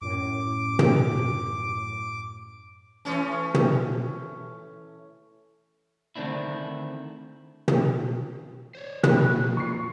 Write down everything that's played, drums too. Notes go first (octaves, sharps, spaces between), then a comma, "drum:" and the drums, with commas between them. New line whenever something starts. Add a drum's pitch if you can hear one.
F#2 A2 D6
drum: tom
E3 A3 C#4
drum: tom
D3 D#3 A3 C4 D4 E4
drum: tom
C5 C#5
F3 A#3 F#4 C#5 B5 F#6, drum: tom
F4 C#6 C7